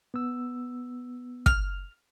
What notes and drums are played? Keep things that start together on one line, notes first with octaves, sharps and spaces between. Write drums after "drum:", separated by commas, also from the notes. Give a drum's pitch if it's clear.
B3 E6
F6, drum: kick